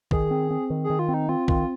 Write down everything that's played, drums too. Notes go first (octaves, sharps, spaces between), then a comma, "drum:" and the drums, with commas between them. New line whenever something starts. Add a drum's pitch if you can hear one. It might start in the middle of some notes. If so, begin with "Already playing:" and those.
D#3 G#4, drum: kick
C4
C4
D#3
G#4
D#3
F4
C4
D#4
C4 F4
D#3 F4, drum: kick